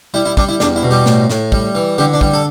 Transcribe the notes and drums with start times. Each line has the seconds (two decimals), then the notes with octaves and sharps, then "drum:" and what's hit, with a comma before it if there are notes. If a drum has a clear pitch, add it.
0.14 G3 E4
0.26 E4
0.37 G3 D4, drum: kick
0.49 E4
0.60 E2 D4, drum: snare
0.76 E4
0.83 B2
0.91 G3 G4
1.06 A2, drum: snare
1.30 A2, drum: snare
1.52 G3, drum: kick
1.75 E3
1.98 D3 G3 G4
2.13 D4
2.21 G3, drum: kick
2.33 A4